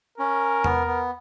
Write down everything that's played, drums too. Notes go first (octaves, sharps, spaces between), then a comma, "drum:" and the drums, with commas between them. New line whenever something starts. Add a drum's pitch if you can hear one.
C#4 A#4
B3, drum: tom E2
B3